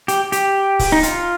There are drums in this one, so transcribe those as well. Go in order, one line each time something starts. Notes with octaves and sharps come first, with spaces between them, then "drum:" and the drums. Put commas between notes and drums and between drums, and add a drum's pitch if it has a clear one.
G4, drum: hi-hat
G4, drum: hi-hat
drum: kick C#1, open hi-hat
D#4
F4, drum: hi-hat